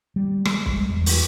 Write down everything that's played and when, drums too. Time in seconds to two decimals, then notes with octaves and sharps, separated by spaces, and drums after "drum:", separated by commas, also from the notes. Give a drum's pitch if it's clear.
0.16 G3
0.45 G3 G#3, drum: rim click
0.66 drum: kick
0.89 E2
1.06 drum: open hi-hat